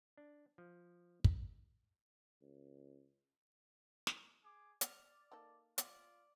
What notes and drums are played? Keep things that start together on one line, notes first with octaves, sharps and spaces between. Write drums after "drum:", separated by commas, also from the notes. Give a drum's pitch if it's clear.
D4
F3
drum: kick
C#2
drum: snare
G#4 D6
D5 F6, drum: hi-hat
A#3 D#4 A4
F4 D5, drum: hi-hat